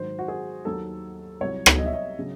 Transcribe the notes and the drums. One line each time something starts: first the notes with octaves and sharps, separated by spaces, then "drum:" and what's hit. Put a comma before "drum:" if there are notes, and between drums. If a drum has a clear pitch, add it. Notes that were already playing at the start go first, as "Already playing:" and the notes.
Already playing: G#2 D#3 F#3 C5
F#4
G#4
D#2 D#3 F#3 A4
C2 C3 F#3 C#5
drum: rim click
D#5
E5
D#5
C#3 F#3